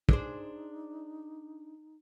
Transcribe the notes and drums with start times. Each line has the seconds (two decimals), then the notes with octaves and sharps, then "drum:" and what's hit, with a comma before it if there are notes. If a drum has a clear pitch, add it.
0.09 D4 D#4 G#4 C5, drum: kick